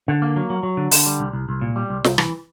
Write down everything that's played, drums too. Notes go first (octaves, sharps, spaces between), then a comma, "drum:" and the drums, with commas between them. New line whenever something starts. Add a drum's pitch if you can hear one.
D3
A#3
F#3
F#3
F#3
D3
D3, drum: open hi-hat
G3
C2
C2
C2
A#2
G3
C2
C2, drum: snare
E3, drum: rim click